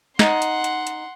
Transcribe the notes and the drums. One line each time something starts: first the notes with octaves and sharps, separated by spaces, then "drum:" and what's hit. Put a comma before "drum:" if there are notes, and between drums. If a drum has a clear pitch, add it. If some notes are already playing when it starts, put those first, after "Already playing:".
D#4 F#5 C6, drum: snare
drum: hi-hat
drum: hi-hat
drum: hi-hat